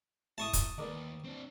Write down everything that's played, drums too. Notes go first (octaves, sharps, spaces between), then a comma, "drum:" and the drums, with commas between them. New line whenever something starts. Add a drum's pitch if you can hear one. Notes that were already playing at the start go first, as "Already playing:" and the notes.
A3 E4 A5 C#6 D#6
drum: kick, hi-hat
D#2 B3 A#4 D5
C4 D4